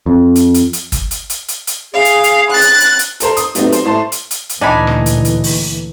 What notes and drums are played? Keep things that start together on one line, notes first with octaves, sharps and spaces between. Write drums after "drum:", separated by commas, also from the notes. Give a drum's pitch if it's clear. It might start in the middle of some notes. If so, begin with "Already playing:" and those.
F2
drum: hi-hat
drum: hi-hat
drum: hi-hat
drum: kick, hi-hat
drum: hi-hat
drum: hi-hat
drum: hi-hat
drum: hi-hat
G#4 F5
drum: hi-hat
drum: hi-hat
F#6 A6
drum: hi-hat
drum: hi-hat
drum: hi-hat
A4 A#4 C5 A#5, drum: hi-hat
D#6, drum: hi-hat
F#3 A3 B3 C4 D#4 G4, drum: hi-hat
C5, drum: hi-hat
A2 A3 C5 A5 C6
drum: hi-hat
drum: hi-hat
drum: hi-hat
D2 A#2 E3 D4 D#4 G#5 B5
drum: rim click
drum: hi-hat
drum: hi-hat
drum: open hi-hat